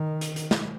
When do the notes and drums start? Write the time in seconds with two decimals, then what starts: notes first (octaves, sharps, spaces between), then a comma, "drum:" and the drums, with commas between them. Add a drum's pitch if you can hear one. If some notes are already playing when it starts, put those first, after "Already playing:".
Already playing: D#3
0.21 drum: hi-hat
0.36 drum: hi-hat
0.51 drum: snare